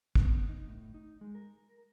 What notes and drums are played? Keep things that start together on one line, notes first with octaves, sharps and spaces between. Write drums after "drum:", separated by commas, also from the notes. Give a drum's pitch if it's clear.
B3, drum: kick
D#4
A2
D#4
G#3
A#4